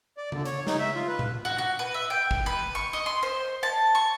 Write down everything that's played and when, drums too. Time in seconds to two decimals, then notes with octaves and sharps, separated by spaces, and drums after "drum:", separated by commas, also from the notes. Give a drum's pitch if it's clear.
0.17 D5
0.32 D3, drum: tom C#3
0.45 C#5, drum: hi-hat
0.67 D#4, drum: snare
0.79 E5
0.95 F4
1.08 B4
1.19 drum: tom A#2
1.45 F#4
1.58 F#4
1.79 B4
1.94 E5
2.10 G5
2.31 drum: kick
2.46 B4
2.75 C#6
2.93 D#5
3.06 C6
3.23 C5
3.63 A5
3.95 C#6